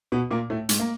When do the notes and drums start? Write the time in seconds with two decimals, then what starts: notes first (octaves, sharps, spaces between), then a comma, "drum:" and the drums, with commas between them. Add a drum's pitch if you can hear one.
0.12 B2 B3
0.31 A#2 A#3
0.50 A2 A3
0.69 G#2 G#3, drum: hi-hat
0.80 A#3